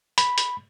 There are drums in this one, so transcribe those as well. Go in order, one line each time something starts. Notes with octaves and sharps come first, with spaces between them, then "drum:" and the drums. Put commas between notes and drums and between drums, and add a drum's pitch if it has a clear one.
B5, drum: hi-hat
drum: hi-hat